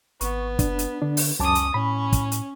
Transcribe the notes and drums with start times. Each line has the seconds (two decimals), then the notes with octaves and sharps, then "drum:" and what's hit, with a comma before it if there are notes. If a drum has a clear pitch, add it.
0.21 G#1 B3 C#6, drum: hi-hat
0.59 F#1 D4, drum: kick, hi-hat
0.79 drum: hi-hat
1.02 D3 D4
1.17 drum: open hi-hat
1.39 C#2 F#2 C#4 A5 D6 D#6
1.55 drum: hi-hat
1.74 A2 C#4 B5
2.12 drum: kick, hi-hat
2.32 drum: hi-hat